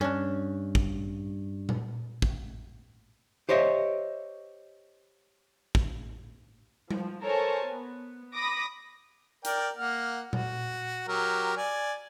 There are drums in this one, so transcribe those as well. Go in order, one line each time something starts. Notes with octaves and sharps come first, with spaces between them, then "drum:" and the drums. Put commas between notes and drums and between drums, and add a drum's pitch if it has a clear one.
G2 C#4 D4
drum: kick
drum: tom A#2
drum: kick
G4 C5 C#5 D#5 E5
drum: kick
F3, drum: tom G3
A4 A#4 C5 C#5 G#5 A5
B3
B5 D6 D#6 A#6
A#4 D5 G5, drum: hi-hat
A#3 F#5 F6
F#4, drum: tom A#2
F#3 G4 A#4
D5 G#5